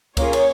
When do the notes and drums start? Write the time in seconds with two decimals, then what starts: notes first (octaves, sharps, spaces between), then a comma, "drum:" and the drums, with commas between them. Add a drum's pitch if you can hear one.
0.17 A#3 C#4 F4 G#4 C#5, drum: kick C#2, cymbal
0.33 drum: cymbal